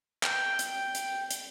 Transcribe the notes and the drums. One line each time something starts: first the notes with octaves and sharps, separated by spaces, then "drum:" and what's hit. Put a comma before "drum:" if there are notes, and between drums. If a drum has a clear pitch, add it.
G5, drum: clap
drum: hi-hat
drum: hi-hat
drum: hi-hat